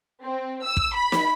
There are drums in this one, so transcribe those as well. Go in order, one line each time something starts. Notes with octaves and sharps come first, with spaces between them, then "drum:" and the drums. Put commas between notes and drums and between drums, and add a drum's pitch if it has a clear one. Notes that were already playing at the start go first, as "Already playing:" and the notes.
C4
E6
drum: kick
B5
drum: snare